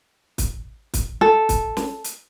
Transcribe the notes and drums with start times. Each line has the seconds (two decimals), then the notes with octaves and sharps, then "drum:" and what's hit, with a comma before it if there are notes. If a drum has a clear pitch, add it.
0.38 drum: kick, hi-hat
0.94 drum: kick, hi-hat
1.21 A4
1.49 drum: kick, hi-hat
1.77 drum: snare
2.04 drum: hi-hat